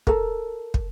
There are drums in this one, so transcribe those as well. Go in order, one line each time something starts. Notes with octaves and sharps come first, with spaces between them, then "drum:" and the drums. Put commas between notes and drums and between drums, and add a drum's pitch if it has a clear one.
A4 A#4, drum: kick
drum: kick